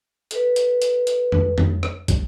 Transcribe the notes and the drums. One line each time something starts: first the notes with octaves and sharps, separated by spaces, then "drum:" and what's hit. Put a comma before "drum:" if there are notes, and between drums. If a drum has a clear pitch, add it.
A4 B4, drum: hi-hat
drum: hi-hat
drum: hi-hat
drum: hi-hat
drum: tom F2
drum: tom F2
drum: rim click
drum: kick, hi-hat